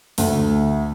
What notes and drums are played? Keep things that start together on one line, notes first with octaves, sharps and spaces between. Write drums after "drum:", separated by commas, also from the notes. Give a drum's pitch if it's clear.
D2, drum: open hi-hat